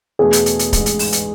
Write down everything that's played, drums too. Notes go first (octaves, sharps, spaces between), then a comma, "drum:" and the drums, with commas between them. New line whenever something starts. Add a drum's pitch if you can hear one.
E2 B2 A3 G#4
drum: hi-hat
drum: hi-hat
drum: hi-hat
A1 G#2 G#3, drum: kick D1, hi-hat
drum: hi-hat
drum: open hi-hat
drum: hi-hat